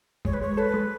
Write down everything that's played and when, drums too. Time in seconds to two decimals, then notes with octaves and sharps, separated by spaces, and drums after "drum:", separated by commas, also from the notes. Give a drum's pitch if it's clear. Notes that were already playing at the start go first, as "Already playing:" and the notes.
0.25 G#3 C#5, drum: kick G1
0.33 B4
0.41 G#3 C#5
0.57 A4 B4
0.74 G#3